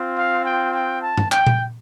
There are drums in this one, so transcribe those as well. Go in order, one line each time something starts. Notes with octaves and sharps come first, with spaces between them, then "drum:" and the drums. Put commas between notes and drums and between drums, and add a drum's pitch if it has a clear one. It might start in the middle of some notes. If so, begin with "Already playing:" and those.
Already playing: C4 F4
F5
G5
G5
A5
drum: tom G2
G5, drum: clap
drum: tom A#2